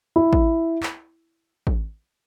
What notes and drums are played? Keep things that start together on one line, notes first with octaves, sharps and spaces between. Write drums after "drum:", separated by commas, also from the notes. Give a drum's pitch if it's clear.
E4
drum: kick A1
drum: clap
drum: kick A1